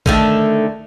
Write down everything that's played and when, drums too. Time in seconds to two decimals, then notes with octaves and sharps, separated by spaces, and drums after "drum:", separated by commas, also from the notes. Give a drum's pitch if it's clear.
0.06 D3 D#3 A3, drum: kick A#1